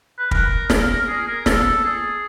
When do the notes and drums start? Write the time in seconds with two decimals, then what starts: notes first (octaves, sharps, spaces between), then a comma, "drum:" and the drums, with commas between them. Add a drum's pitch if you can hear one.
0.18 B4
0.31 A#4, drum: kick
0.70 drum: snare
1.07 G#4
1.27 A#4
1.46 A4, drum: snare
1.84 G#4